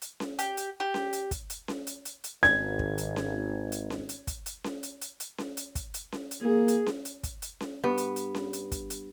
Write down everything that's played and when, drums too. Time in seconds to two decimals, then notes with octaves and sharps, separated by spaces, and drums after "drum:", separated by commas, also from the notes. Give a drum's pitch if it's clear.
0.02 drum: hi-hat
0.20 drum: snare C#4
0.39 G4, drum: hi-hat
0.57 drum: hi-hat
0.80 G4
0.94 drum: snare C#4
1.13 drum: hi-hat
1.31 drum: kick, hi-hat
1.50 drum: hi-hat
1.68 drum: snare C#4
1.87 drum: hi-hat
2.05 drum: hi-hat
2.24 drum: hi-hat
2.43 G#1 G#6, drum: snare C#4
2.79 drum: kick
2.98 drum: hi-hat
3.16 drum: snare C#4
3.72 drum: hi-hat
3.90 drum: snare C#4
4.09 drum: hi-hat
4.27 drum: kick, hi-hat
4.46 drum: hi-hat
4.64 drum: snare C#4
4.83 drum: hi-hat
5.01 drum: hi-hat
5.20 drum: hi-hat
5.38 drum: snare C#4
5.57 drum: hi-hat
5.75 drum: kick, hi-hat
5.94 drum: hi-hat
6.12 drum: snare C#4
6.31 drum: hi-hat
6.42 A#3 G#4
6.68 drum: hi-hat
6.86 drum: snare C#4
7.05 drum: hi-hat
7.23 drum: kick, hi-hat
7.42 drum: hi-hat
7.60 drum: snare C#4
7.84 G2 B3
7.98 drum: hi-hat
8.16 drum: hi-hat
8.35 drum: snare C#4
8.53 drum: hi-hat
8.72 drum: kick, hi-hat
8.90 drum: hi-hat